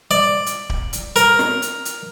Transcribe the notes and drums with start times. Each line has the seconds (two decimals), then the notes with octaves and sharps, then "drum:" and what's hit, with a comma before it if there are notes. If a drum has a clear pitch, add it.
0.11 D5
0.46 drum: hi-hat
0.70 drum: kick D1
0.93 drum: hi-hat
1.16 A#4, drum: hi-hat
1.39 drum: snare
1.62 drum: hi-hat
1.85 drum: hi-hat